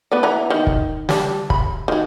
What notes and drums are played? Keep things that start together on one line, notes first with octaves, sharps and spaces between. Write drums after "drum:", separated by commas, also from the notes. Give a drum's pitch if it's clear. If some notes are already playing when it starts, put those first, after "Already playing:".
B3 B4 D5
E3 B3 A#5
D#3
drum: kick
G3 D4, drum: snare
B5, drum: kick
D#3 F#3